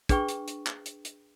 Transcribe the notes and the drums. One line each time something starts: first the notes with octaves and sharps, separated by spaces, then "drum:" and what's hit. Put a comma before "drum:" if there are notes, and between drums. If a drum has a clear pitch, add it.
D4 G#4 B4 G5 C#6, drum: kick, hi-hat
drum: hi-hat
drum: hi-hat
drum: clap
drum: hi-hat
drum: hi-hat